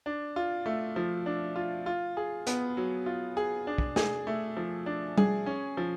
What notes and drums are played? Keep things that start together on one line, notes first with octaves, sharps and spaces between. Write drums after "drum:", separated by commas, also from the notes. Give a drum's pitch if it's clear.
D4
F4
A3
F3
D4
F4
F4
G#4
B3, drum: hi-hat
F#3
F4
G#4
D4
drum: kick
G#4, drum: snare
A3
F3
D4
G#4, drum: tom G3
C#4
F3